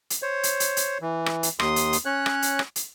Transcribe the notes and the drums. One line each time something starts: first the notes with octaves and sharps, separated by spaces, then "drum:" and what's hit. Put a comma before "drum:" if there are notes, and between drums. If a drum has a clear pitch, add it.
drum: hi-hat
C5 C#5
drum: hi-hat
drum: hi-hat
drum: hi-hat
E3
drum: rim click
drum: hi-hat
D#2 C6 D#6, drum: rim click
drum: hi-hat
drum: hi-hat
C#4 C#5 F#6
drum: rim click
drum: hi-hat
drum: rim click
drum: hi-hat